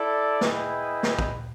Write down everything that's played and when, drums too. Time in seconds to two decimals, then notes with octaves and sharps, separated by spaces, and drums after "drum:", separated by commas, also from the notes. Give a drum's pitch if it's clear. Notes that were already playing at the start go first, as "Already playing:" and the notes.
Already playing: E4 A4 D5
0.41 E4 G#4 B4 D#5 G5, drum: snare
1.03 drum: snare
1.19 drum: kick